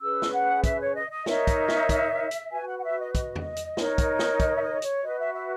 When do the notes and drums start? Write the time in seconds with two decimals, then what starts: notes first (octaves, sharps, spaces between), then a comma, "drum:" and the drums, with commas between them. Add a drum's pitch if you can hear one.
0.01 C#4 G#4 B4 E6
0.22 drum: snare
0.32 F#5
0.64 E5, drum: kick, hi-hat
0.80 C#5
0.95 D#5
1.11 D#5
1.26 D#4 A#4 C#5 E5, drum: snare
1.47 drum: kick, hi-hat
1.68 drum: snare
1.89 drum: kick, hi-hat
2.31 drum: hi-hat
2.52 F#4 B4 G#5
2.67 F#5
2.78 F#5
2.83 E5
2.99 D#5
3.15 D#5, drum: kick, hi-hat
3.36 drum: tom E2
3.56 drum: hi-hat
3.77 D#4 A#4 C#5, drum: snare
3.98 drum: kick, hi-hat
4.19 drum: snare
4.40 D#5, drum: kick, hi-hat
4.56 E5
4.61 D#5
4.82 C#5, drum: hi-hat
5.03 F#4 B4 D#5
5.19 E5
5.34 E5